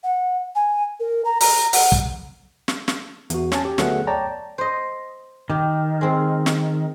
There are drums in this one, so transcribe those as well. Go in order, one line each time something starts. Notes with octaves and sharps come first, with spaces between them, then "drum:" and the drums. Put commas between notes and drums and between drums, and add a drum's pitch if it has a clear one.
F#5
G#5
A#4
A#5
A#5, drum: open hi-hat
F#5, drum: open hi-hat
drum: kick
drum: snare
drum: snare
E2 F#4, drum: hi-hat
C#4 G#5 A5, drum: snare
G4
D2 F#3 A3 B3 G#4 F#5, drum: snare
C#5 D5 G5 A5 A#5
C5 D#5
D#3 G4
G#3 C4
drum: snare